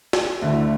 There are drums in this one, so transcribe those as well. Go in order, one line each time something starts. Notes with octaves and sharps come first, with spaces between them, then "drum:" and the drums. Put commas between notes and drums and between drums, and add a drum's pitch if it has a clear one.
drum: snare
D2 D3 A3 E4